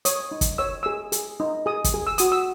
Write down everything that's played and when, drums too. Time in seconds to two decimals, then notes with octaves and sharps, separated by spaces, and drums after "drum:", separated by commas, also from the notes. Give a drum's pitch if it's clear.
0.05 C#5 D#6, drum: hi-hat
0.31 D#4
0.41 drum: kick F#1, hi-hat
0.58 C#5 E6
0.83 G#4 E6
1.12 G#4, drum: hi-hat
1.40 D#4
1.66 G#4 D#6
1.84 drum: kick F#1, hi-hat
1.94 G#4
2.07 E6
2.18 F#4 D#6, drum: hi-hat
2.32 E6